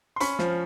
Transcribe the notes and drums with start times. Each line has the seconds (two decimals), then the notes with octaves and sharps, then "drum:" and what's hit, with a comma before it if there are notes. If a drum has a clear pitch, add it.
0.16 C6
0.20 C#4 B5 C#6, drum: hi-hat
0.39 F3, drum: snare